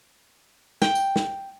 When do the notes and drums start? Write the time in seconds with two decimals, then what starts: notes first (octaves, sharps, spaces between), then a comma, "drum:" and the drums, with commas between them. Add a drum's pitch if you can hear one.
0.82 G5, drum: snare
0.95 drum: tambourine
1.16 drum: snare